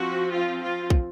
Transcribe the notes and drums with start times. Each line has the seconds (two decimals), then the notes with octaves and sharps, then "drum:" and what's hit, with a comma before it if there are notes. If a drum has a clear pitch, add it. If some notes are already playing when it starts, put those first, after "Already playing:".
Already playing: F3 C4 F#4
0.33 F4
0.62 F4
0.90 drum: kick